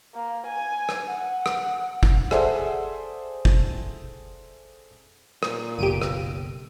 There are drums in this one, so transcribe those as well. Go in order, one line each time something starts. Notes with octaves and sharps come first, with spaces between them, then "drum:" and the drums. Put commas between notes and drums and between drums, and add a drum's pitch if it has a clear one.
A#3
G#5
drum: rim click
F#5
drum: rim click
drum: kick
G#4 A4 C5 D5 E5 F#5, drum: rim click
drum: kick
A#2, drum: rim click
F#1 B1 G4 D7 D#7
drum: rim click